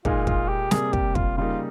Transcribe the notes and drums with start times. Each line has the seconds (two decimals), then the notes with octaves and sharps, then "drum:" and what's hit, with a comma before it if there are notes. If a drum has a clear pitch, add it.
0.05 A#2 G#3 D#4 F4, drum: kick
0.27 F4, drum: kick
0.49 G4
0.71 C3 G3 A#3 G#4, drum: snare
0.93 G4, drum: kick
1.15 F4, drum: kick
1.37 C#3 G3 A#3 D#4 F4